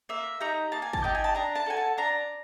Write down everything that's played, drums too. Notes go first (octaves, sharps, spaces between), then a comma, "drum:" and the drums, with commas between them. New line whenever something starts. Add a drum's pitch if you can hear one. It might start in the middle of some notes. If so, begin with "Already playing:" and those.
A#3 E5
D#4 G4 A#5
A#3 A5
G#5
A5, drum: kick
D#4 G4 G5
G#5
A5
D4 A#5
A5
F#4 A4 G#5
A5
D4 A#5